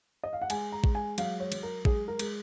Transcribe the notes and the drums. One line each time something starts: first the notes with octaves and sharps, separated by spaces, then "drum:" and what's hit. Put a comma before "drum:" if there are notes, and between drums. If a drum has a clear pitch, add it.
D#5
F5
F#5
G#3 G#5, drum: cymbal
A#5
G#3, drum: kick A1
G#5
F#3 F5, drum: cymbal
C#5
F#3, drum: cymbal
A#4
G#3 G#4, drum: kick A1
A#4
G#3, drum: cymbal